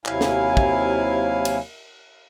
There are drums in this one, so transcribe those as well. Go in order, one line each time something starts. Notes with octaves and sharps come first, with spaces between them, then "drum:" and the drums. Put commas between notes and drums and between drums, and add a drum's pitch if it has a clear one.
D#2 C3 F#3 E4 F5 G#5, drum: clap
drum: snare
drum: kick
drum: cymbal